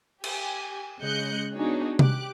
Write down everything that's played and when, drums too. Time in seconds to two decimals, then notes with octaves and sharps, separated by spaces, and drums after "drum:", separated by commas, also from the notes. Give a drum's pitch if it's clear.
0.24 G4 G#5, drum: cymbal
1.00 C#3 G#3 D#5 F#6 G6 C#7
1.53 B3 D4 D#4 F#4 G#4 C#5
1.99 G4 D6 F#6, drum: tom C3